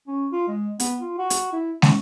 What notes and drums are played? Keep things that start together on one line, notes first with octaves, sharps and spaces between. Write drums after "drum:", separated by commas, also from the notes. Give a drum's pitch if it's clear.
C#4
F4
G#3
B3, drum: hi-hat
F4
F#4
drum: hi-hat
E4
C#4, drum: snare